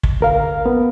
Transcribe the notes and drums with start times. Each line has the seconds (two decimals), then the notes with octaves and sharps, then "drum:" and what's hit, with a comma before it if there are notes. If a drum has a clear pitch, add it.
0.03 drum: kick
0.20 D2 A#4 F5
0.66 B3